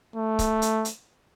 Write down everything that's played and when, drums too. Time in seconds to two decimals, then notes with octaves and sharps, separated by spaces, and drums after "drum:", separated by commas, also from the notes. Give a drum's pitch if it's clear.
0.16 A3
0.39 drum: kick C#1, hi-hat
0.62 drum: hi-hat
0.85 drum: hi-hat